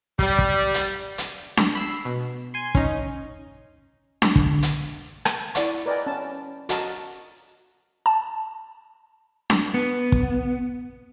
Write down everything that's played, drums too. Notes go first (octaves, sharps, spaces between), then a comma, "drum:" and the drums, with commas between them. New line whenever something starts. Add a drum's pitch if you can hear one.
G3, drum: kick
drum: kick
drum: hi-hat
drum: hi-hat
drum: snare D4
B5 E6 C7
B2
G#5 C6
C#4 D#4, drum: kick
drum: snare D4
D3, drum: kick
drum: hi-hat
drum: rim click
E4 D5 F#5 C#6, drum: hi-hat
A#4 B4 D5 D#5 G5 G#5
C#4 A5
F#4 A#4 D#5 A5, drum: hi-hat
A5
drum: snare D4
B3
drum: kick